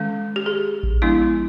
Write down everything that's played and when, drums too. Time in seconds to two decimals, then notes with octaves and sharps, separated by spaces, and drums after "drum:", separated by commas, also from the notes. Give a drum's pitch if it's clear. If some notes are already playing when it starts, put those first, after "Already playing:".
Already playing: D#3 G#3 C#4 A4
0.36 G4
0.46 G#4
0.83 drum: kick A1
1.02 F3 G#3 B3 D4 E4